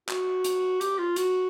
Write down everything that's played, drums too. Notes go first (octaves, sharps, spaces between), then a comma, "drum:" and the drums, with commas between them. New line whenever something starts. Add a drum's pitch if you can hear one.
F#4, drum: clap
drum: hi-hat
G4, drum: hi-hat
F4
F#4, drum: hi-hat